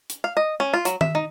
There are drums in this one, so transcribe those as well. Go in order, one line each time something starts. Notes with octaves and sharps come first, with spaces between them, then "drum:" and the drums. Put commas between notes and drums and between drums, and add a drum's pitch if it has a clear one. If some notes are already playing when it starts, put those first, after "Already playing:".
drum: hi-hat
F5
D#5
C#4
F4
F#3, drum: hi-hat
E5, drum: tom D#3
D#4